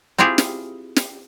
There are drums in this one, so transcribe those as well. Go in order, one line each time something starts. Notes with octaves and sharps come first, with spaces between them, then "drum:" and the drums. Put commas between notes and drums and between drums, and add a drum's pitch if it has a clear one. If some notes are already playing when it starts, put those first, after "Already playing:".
C4 E4 F4 G4 G#4
drum: snare
drum: snare